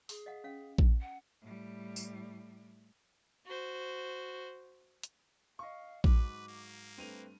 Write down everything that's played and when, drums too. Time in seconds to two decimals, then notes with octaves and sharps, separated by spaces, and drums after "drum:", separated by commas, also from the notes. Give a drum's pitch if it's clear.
0.09 G#4, drum: open hi-hat
0.26 D#5 F5 F#5
0.44 C#4 F5
0.78 drum: kick A#1
1.01 F#5
1.42 A2 G3
1.96 drum: tambourine
3.46 F#4 C5
5.03 drum: hi-hat
5.59 D#5 F5 C#6
6.04 G#2 F#3 B4 D6, drum: kick A#1
6.48 A#3
6.98 G2 A3 C4 B4 D#7 F7